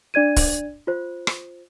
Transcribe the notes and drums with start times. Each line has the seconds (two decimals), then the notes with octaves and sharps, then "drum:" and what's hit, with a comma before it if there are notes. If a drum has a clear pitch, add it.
0.14 D4 D5 G#6 D#7
0.37 drum: kick, open hi-hat
0.87 F4 C5
1.27 drum: rim click